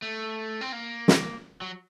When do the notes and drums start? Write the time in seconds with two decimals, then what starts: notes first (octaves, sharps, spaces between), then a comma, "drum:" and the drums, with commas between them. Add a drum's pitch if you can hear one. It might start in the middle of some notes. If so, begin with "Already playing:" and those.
0.02 A3
0.61 C4
0.72 A#3
1.08 drum: snare
1.61 F#3